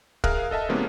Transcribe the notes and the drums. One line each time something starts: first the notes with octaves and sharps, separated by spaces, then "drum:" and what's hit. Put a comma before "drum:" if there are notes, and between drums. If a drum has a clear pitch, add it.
G#4 A#4 E5 F5 F6 F#6, drum: kick
A4 D#5 E5 A5
C3 E3 G#3 A#3 B3 C#4